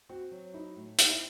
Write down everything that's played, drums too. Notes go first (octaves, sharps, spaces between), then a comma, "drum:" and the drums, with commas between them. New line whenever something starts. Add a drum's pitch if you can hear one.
C4 F#4
F#3
D#4 E4
A2
C4 D#4, drum: hi-hat
E4